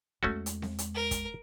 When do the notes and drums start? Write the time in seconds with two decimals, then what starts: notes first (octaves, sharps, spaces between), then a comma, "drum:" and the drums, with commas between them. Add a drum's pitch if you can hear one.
0.23 E2 G#3 A3 C#4 F#4
0.46 drum: hi-hat
0.62 drum: snare C4
0.78 drum: hi-hat
0.95 A#4
1.11 drum: kick, hi-hat